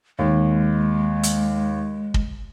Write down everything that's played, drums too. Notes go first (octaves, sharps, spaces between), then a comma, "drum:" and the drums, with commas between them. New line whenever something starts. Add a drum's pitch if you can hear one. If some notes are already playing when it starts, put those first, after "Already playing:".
D#2 G#3
drum: hi-hat
drum: kick